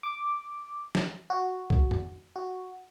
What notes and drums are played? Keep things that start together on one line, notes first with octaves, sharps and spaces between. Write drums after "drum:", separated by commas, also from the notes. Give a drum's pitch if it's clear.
D6
drum: snare
F#4
drum: kick C2
drum: tom F2
F#4